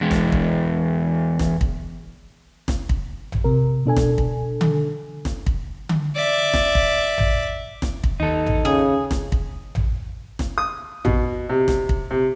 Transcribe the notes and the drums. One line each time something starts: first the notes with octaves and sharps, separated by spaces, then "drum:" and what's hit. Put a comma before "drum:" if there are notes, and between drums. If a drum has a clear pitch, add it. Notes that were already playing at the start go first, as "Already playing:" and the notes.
E2 G#3
drum: snare
drum: kick
drum: snare
drum: kick
drum: snare
drum: kick
drum: tom A1
C3 A#4
B2 D4 A4 G#5
drum: snare
drum: kick
drum: tom D3
drum: snare
drum: kick
drum: tom D3
D5 E5
drum: snare
drum: kick
drum: tom A1
drum: snare
drum: kick
D#2 D#4 A4
drum: tom A1
C#3 G#4
drum: snare
drum: kick
drum: tom A1
drum: snare
D#6
B2, drum: tom A1
C3
drum: snare
drum: kick
C3